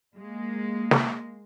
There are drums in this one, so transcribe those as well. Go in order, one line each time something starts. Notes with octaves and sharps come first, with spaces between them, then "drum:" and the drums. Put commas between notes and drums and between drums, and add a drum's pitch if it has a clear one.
G#3 A#3
drum: snare